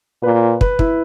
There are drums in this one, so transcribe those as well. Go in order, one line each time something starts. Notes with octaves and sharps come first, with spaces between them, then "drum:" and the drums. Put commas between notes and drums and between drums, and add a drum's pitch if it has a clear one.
A#2 B4
B4, drum: kick
E4, drum: kick